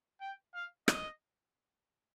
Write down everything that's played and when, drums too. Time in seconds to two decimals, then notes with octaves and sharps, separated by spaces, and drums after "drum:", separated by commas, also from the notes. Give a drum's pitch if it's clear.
0.21 G5
0.54 F5
0.88 D#5, drum: rim click